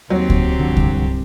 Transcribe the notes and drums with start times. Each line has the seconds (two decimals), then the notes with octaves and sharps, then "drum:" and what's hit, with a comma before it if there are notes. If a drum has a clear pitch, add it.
0.10 D#2 F#3 C4 G4
0.30 drum: kick C#2
0.59 G1 C2 D3 F3
0.76 drum: kick C#2